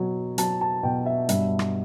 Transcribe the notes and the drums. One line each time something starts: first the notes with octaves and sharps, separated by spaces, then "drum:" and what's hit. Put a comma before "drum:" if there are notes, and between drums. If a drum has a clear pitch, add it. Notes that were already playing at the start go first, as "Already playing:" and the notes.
Already playing: B2 F#3
F#3 A5, drum: hi-hat
A5
B2 G5
E5
G2 E5, drum: hi-hat
drum: rim click